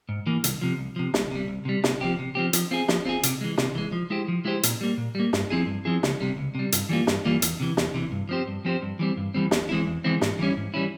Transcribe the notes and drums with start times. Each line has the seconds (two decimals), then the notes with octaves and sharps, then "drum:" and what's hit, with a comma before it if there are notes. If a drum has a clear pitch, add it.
0.09 G#2
0.27 E3 A#3
0.44 C2, drum: hi-hat
0.61 C3 F3
0.78 C2
0.96 C3 F3
1.14 C2, drum: snare
1.31 C3 G3
1.48 C2
1.65 C3 G3
1.84 C3, drum: snare
2.01 F3 C4 G4
2.19 C3
2.35 F3 C4 G4
2.53 F3, drum: hi-hat
2.71 C4 F4 G#4
2.88 F3, drum: snare
3.05 C4 F4 G#4
3.23 C3, drum: hi-hat
3.41 E3 G#3
3.58 C3, drum: snare
3.75 E3 G#3
3.92 F3
4.10 G#3 E4 G4 C5
4.28 F3
4.45 G#3 E4 G4 C5
4.63 A#2, drum: hi-hat
4.81 G3 A#3
4.98 A#2
5.15 G3 A#3
5.33 G2, drum: snare
5.50 F3 C4 E4 G#4
5.67 G2
5.85 F3 C4 E4 G#4
6.03 C#2, drum: snare
6.20 C3 G3
6.38 C#2
6.55 C3 G3
6.72 G2, drum: hi-hat
6.89 E3 G3 A#3 F4
7.07 G2, drum: snare
7.25 E3 G3 A#3 F4
7.42 E2, drum: hi-hat
7.60 C3 E3
7.77 E2, drum: snare
7.94 C3 E3
8.12 G2
8.29 F3 C4 G4 C5
8.48 G2
8.65 F3 C4 G4 C5
8.82 G2
8.99 E3 G3 C4
9.17 G2
9.34 E3 G3 C4
9.51 E2, drum: snare
9.69 E3 G#3 C4 E4
9.87 E2
10.04 E3 G#3 C4 E4
10.21 G#2, drum: snare
10.39 E3 G3 C#4 E4
10.57 G#2
10.74 E3 G3 C#4 E4